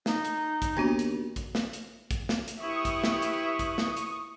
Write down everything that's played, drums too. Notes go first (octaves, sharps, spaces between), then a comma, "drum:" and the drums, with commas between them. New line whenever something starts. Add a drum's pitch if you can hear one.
D#4, drum: snare
drum: hi-hat
drum: kick, hi-hat
D#2 B3 D4 F#4
drum: hi-hat
drum: kick, hi-hat
drum: snare
drum: hi-hat
drum: kick, hi-hat
drum: snare
drum: hi-hat
E4 G4 B4 C#6 D#6
drum: kick, hi-hat
drum: snare
drum: hi-hat
drum: kick, hi-hat
drum: snare
drum: hi-hat